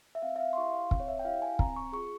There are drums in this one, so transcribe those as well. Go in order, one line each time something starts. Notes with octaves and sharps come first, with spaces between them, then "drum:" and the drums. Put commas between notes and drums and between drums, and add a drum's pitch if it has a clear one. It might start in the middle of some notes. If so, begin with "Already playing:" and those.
E5
C4 F5
E5
F5
C6
E4 G4 C#6
F5
C4, drum: kick
C#5
E5
G5
E4 G4 F5
G#5
C4 A#5, drum: kick
C#6
F4 G#4 C#6